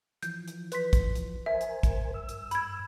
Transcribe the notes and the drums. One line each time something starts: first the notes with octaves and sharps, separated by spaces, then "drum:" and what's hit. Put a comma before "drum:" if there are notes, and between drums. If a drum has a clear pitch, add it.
E3 F3 G6, drum: hi-hat
drum: hi-hat
B4 C6 B6, drum: hi-hat
drum: kick, hi-hat
drum: hi-hat
A#4 C5 E5 G#5
drum: hi-hat
drum: kick, hi-hat
G2 E6
drum: hi-hat
B5 G#6, drum: hi-hat